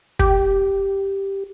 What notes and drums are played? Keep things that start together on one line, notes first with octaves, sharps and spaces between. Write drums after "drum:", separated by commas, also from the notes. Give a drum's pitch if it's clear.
G4, drum: kick